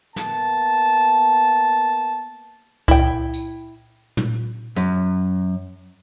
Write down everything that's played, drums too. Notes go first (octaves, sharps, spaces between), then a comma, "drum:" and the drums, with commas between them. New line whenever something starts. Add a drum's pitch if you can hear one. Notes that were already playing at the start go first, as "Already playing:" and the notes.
A#3 B3 A5, drum: snare
E4 G5, drum: kick C2
drum: tambourine
drum: tom
F#2, drum: hi-hat